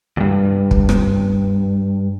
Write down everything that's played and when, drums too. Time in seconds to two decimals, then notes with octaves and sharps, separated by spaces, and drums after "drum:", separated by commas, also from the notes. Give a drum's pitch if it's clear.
0.17 D2 G2
0.71 drum: kick
0.89 drum: rim click